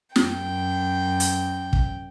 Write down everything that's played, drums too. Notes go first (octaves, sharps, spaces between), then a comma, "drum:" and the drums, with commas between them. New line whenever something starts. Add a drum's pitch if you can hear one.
F#2 G5, drum: snare
drum: hi-hat
drum: kick